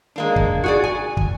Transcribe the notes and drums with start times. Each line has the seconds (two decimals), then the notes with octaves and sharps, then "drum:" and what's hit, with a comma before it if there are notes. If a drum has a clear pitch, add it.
0.16 G#3 A#3 D4
0.36 drum: kick
0.64 F#4 G#4 D5
0.84 G#5
1.17 drum: kick